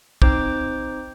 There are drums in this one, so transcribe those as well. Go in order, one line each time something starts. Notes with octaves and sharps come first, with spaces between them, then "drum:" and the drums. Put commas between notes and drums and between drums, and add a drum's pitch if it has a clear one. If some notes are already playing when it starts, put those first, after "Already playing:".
C4 D#4 C5 D6, drum: kick